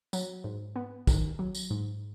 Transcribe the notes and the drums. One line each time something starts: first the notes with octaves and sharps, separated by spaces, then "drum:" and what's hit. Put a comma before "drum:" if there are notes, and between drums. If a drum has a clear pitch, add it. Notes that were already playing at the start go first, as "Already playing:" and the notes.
F#3, drum: tambourine
G#2
B3
D#3, drum: kick, tambourine
F#3
drum: tambourine
G#2